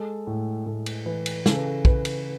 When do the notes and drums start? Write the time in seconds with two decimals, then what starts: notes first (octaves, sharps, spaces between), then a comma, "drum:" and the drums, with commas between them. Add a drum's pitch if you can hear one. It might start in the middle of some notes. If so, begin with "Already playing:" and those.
Already playing: G#3 A4
0.27 A2
0.66 A2 A4
0.86 drum: cymbal
1.06 E3 B4
1.26 drum: cymbal
1.46 C#3 A4, drum: snare
1.56 B4
1.66 A4
1.85 C#3 B4, drum: kick
2.05 drum: cymbal